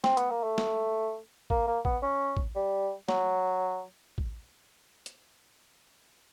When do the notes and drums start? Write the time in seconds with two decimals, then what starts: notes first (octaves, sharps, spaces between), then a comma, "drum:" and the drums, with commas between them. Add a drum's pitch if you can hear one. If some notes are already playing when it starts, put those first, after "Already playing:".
0.04 C4, drum: snare
0.17 B3, drum: hi-hat
0.30 A#3
0.43 A3
0.58 drum: snare
1.50 A#3, drum: kick A1
1.67 A#3
1.85 B3, drum: kick A1
2.03 C#4
2.37 drum: kick A1
2.56 G3
3.09 F#3, drum: snare
4.18 drum: kick A1
5.06 drum: hi-hat